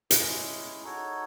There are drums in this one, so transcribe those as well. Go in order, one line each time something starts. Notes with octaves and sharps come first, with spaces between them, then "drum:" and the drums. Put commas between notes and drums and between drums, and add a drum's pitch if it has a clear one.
G#3 C#4 E4 G#4, drum: hi-hat
D#4 F#4 A4 C#5